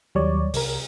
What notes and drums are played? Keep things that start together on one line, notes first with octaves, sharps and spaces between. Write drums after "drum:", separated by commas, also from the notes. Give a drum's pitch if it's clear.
D#2 F#3 G3 C#5 D5
C2 A#4, drum: open hi-hat